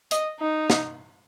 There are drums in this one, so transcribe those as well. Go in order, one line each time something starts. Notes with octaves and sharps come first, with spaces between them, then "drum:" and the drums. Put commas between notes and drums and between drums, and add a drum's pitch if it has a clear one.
D#5, drum: hi-hat
D#4
drum: snare